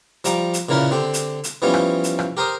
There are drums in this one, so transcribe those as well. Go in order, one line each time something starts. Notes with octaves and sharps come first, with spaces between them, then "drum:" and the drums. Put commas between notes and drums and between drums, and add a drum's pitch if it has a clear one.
F3 G3 A#5 D6, drum: hi-hat
drum: hi-hat
A#2 C#3 E3 A#4 B4 F#5
D3 C4 G4
drum: hi-hat
drum: hi-hat
E3 F3 G3 B3 C#4
drum: rim click
drum: hi-hat
drum: rim click
G4 A#4 C5 D#6